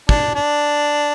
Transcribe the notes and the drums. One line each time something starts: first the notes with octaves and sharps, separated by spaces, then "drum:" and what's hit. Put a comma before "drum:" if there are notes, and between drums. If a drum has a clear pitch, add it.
D4, drum: kick
D4